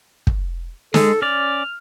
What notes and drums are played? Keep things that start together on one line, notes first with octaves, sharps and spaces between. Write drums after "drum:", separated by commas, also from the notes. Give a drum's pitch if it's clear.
drum: kick
G#3 A4, drum: snare
C#4 D5 F6